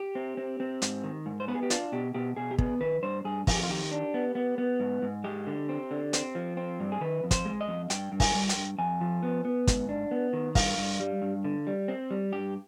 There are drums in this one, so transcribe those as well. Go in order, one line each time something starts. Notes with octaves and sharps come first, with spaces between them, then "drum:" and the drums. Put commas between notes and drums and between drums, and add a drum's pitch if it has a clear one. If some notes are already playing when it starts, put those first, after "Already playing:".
Already playing: G4
C4
C4
C4
G#2, drum: hi-hat
D#3
G#2
C5
B3 B4
G#4
G4
D4 F4, drum: hi-hat
B2 G4
B2 G4
B2 G#4
G4
B3 G#4, drum: kick
D#3 B4
G2 C5
G2 G#4
F2 G#4, drum: kick, open hi-hat
G4
F4
D#3 G4
D4
B3
B3
B3
G#2
G#2
G#3 G4
D3
C4
D3
C4, drum: hi-hat
F3
C4
G2
G#4
D#3 B4
F2
C5, drum: kick, hi-hat
G#3
D#5
F2
G2 G5, drum: hi-hat
G2
G#5, drum: kick, open hi-hat
G3
G5, drum: hi-hat
G2
F2 G#5
F3
B3
B3
G#2, drum: kick, hi-hat
D4
B3
D#3
G2 F5, drum: kick, open hi-hat
G2
G3
G2
D3
G3
C4
G3
G2 G4